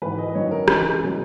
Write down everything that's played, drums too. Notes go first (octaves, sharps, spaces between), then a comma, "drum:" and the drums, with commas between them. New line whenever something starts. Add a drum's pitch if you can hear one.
G#1 G#2 E3 B4
D#5
D#5
F#2 D#3 F#3 C#5
A#4
C#2 C#3 E3 G#3, drum: rim click
B2 F#3